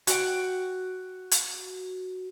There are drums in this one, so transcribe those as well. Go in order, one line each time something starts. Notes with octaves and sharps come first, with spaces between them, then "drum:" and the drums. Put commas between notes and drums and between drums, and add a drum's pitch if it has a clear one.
F#4 G5, drum: hi-hat
drum: hi-hat